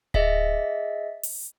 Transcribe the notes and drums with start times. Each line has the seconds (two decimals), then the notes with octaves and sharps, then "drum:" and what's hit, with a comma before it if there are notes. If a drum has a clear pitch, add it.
0.14 G#4 D#5 E5 B6, drum: kick D1
1.23 drum: open hi-hat